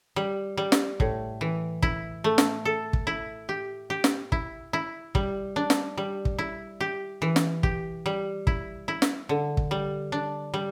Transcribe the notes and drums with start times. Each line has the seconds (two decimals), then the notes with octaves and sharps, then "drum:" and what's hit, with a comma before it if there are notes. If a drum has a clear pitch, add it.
0.16 G3
0.58 G3
0.72 drum: snare
1.00 A2, drum: kick
1.41 E3
1.83 E4, drum: kick
2.24 A3
2.38 drum: snare
2.65 A4
2.93 drum: kick
3.07 E4
3.49 G4
3.90 G4
4.04 drum: snare
4.32 E4, drum: kick
4.73 E4
5.15 G3, drum: kick
5.56 D4
5.70 drum: snare
5.98 G3
6.25 drum: kick
6.39 E4
6.81 G4
7.22 E3
7.36 drum: snare
7.63 G4, drum: kick
8.06 G3
8.47 E4, drum: kick
8.88 E4
9.02 drum: snare
9.29 D3
9.57 drum: kick
9.71 G3
10.12 D4
10.54 G3